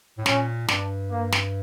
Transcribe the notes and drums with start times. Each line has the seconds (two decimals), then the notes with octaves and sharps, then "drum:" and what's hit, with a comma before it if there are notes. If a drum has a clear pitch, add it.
0.18 A2
0.26 A#2 C#4, drum: snare
0.68 G2 D4, drum: snare
1.11 A#3
1.32 drum: snare